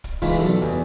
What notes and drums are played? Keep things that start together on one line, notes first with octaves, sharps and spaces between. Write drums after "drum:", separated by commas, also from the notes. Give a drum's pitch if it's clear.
drum: kick, hi-hat
E3 G#3 D#4 F4, drum: kick, open hi-hat
B2 F#3 G3 A4
E2, drum: hi-hat